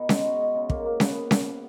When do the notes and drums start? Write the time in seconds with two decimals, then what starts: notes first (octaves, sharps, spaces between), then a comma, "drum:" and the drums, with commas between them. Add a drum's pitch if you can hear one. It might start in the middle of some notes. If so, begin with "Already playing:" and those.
Already playing: B2 B3 D#4
0.09 G#3, drum: snare C#4
0.24 F#4
0.39 G#3
0.55 C#3
0.70 A#3, drum: kick
0.86 A#3
1.00 B3, drum: snare C#4
1.31 drum: snare C#4